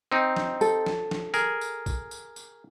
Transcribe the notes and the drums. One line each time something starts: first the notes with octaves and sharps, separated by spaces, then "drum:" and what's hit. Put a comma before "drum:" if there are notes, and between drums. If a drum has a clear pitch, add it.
C4 D#4
drum: snare F3
A4, drum: tambourine
drum: snare F3
drum: snare F3
G#4 A#4, drum: tambourine
drum: tambourine
drum: kick A1, tambourine
drum: tambourine
drum: tambourine